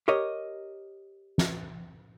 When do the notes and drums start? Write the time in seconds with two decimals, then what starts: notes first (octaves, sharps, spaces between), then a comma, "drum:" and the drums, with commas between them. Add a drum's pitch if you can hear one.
0.08 G4 A#4 C#5 D#5
1.38 drum: snare